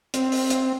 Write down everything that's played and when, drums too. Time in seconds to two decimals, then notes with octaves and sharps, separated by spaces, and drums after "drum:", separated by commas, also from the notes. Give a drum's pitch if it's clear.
0.14 C4, drum: hi-hat
0.32 drum: open hi-hat
0.50 drum: hi-hat